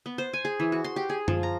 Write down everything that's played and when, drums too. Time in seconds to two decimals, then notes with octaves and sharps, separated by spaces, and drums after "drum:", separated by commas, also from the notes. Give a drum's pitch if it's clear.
0.06 B3
0.18 C5
0.33 G#5
0.45 G#4
0.60 E3
0.72 F#4
0.84 C6
0.96 G4
1.10 G#4
1.28 F3, drum: tom F#2
1.43 A#5